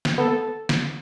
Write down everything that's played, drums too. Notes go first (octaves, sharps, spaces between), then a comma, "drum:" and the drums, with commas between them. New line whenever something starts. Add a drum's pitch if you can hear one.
drum: snare
B3 A4
drum: snare